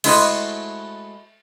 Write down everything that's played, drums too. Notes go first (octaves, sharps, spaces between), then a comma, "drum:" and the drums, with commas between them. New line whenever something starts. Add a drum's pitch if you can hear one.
G#3 A3 E4 F#4 C5 D#5, drum: cymbal